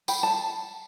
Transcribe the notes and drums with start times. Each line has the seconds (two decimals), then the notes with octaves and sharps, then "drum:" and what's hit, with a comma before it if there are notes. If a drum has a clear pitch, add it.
0.08 G5 B5, drum: tambourine
0.23 A5